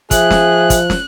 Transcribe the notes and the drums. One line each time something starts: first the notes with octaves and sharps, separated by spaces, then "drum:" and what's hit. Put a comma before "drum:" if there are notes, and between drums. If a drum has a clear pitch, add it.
F3 G#4 E5 F#6, drum: kick, hi-hat
drum: snare
drum: kick, hi-hat
drum: snare